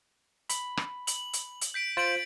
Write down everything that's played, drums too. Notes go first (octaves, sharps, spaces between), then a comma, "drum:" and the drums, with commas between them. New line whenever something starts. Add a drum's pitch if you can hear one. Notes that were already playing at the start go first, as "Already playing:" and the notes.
B5, drum: hi-hat
drum: rim click
F#7, drum: hi-hat
drum: hi-hat
drum: hi-hat
G6 B6 D7
F4 C5 A6 D7 F#7